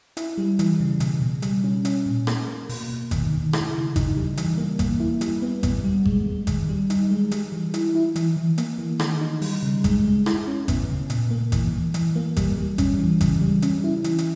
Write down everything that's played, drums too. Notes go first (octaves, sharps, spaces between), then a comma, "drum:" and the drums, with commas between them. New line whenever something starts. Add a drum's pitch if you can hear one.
E4, drum: hi-hat
G3
E3, drum: hi-hat
C#3
B2, drum: hi-hat
B2
G3, drum: hi-hat
C#4
C#4, drum: hi-hat
A#2
A#3, drum: rim click
A#3
B2, drum: open hi-hat
B2
D#3, drum: kick G#1, hi-hat
D#3
E4, drum: rim click
C#3
D#4, drum: kick G#1, hi-hat
G3
E3, drum: hi-hat
A#3
A#3, drum: kick G#1, hi-hat
E4
G3, drum: hi-hat
B3
B3, drum: kick G#1, hi-hat
G3
G#3, drum: kick G#1
G#3
D#3, drum: kick G#1, hi-hat
G3
D#4, drum: hi-hat
G#3
G3, drum: hi-hat
E3
E4, drum: hi-hat
E4
E3, drum: hi-hat
E3
A#3, drum: hi-hat
E3
D#3, drum: rim click
D#4
G3, drum: open hi-hat
C#3
G#3, drum: kick G#1, hi-hat
G#3
E4, drum: rim click
C#4
B3, drum: kick G#1, hi-hat
C#3
A#2, drum: hi-hat
A#3
E3, drum: kick G#1, hi-hat
E3
E3, drum: hi-hat
A#3
G3, drum: kick G#1, hi-hat
G3
C#4, drum: kick G#1, hi-hat
E3
C#3, drum: kick G#1, hi-hat
G3
C#4, drum: hi-hat
E4
E3, drum: hi-hat
drum: hi-hat